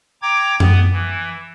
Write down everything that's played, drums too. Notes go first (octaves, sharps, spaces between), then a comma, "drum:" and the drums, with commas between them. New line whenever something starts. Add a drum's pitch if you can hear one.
G5 A#5 D6 G#6
B3, drum: tom F#2
E3